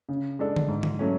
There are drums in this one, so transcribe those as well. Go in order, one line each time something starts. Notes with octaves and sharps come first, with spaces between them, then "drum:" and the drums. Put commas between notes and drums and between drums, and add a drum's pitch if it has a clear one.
C#3
G#3 D4 A4 D5
drum: tom D3
G#2
drum: tom D3
F#3 A3 C#4